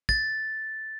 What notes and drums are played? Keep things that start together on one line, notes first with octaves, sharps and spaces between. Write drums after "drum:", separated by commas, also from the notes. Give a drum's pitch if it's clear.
A6, drum: kick